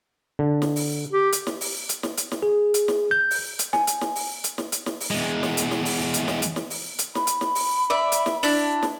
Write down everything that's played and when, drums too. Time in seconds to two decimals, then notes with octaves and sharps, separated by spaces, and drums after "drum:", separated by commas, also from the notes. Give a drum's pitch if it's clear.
0.39 D3
0.62 drum: snare
0.76 drum: open hi-hat
1.13 G4
1.32 drum: hi-hat
1.47 drum: snare
1.61 drum: open hi-hat
1.89 drum: hi-hat
2.03 drum: snare
2.17 drum: hi-hat
2.32 drum: snare
2.43 G#4
2.74 drum: hi-hat
2.88 drum: snare
3.11 G6
3.31 drum: open hi-hat
3.59 drum: hi-hat
3.73 G#5, drum: snare
3.87 drum: hi-hat
4.01 drum: snare
4.15 drum: open hi-hat
4.44 drum: hi-hat
4.58 drum: snare
4.72 drum: hi-hat
4.86 drum: snare
5.00 drum: open hi-hat
5.11 E2 G#3
5.43 drum: snare
5.57 drum: hi-hat
5.71 drum: snare
5.85 drum: open hi-hat
6.14 drum: hi-hat
6.28 drum: snare
6.42 drum: hi-hat
6.56 drum: snare
6.70 drum: open hi-hat
6.99 drum: hi-hat
7.15 B5, drum: snare
7.27 drum: hi-hat
7.41 drum: snare
7.55 drum: open hi-hat
7.90 D5 E5
8.12 drum: hi-hat
8.26 drum: snare
8.43 D4 E4, drum: open hi-hat
8.83 drum: snare